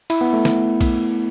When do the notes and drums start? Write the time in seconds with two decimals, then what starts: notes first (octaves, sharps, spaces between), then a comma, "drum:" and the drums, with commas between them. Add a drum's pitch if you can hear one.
0.10 E4, drum: cymbal
0.21 B3
0.33 A3
0.45 drum: snare
0.81 drum: kick, cymbal